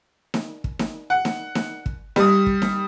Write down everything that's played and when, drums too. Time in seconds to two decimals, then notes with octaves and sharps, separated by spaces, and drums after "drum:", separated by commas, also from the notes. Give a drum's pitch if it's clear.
0.34 drum: snare D#4
0.64 drum: kick
0.79 drum: snare D#4
1.10 F#5
1.25 drum: snare D#4
1.55 drum: snare D#4
1.86 drum: kick
2.16 G3 D#6, drum: snare D#4
2.46 drum: kick
2.62 drum: snare D#4